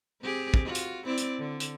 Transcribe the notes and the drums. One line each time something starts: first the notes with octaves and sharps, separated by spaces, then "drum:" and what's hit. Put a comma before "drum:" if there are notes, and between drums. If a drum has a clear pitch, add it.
C4 G4 G#4
drum: kick
F4 F#4
drum: hi-hat
C4 E4 D5
drum: hi-hat
D3
drum: hi-hat